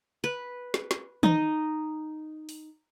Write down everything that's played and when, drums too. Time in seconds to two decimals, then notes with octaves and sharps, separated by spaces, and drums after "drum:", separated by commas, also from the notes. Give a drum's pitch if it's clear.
0.24 B4
0.74 drum: snare
0.91 drum: snare
1.23 D#4 D#5, drum: tom D#3
2.49 drum: open hi-hat